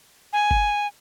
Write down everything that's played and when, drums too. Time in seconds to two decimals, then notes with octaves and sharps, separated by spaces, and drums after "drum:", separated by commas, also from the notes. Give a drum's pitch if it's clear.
0.33 G#5
0.51 drum: kick G1